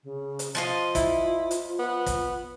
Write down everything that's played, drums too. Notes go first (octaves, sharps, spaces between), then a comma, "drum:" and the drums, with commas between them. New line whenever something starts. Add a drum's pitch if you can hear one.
C#3
drum: hi-hat
F3 F4 D#5 F5
E4, drum: kick, hi-hat
drum: hi-hat
B3
drum: kick, hi-hat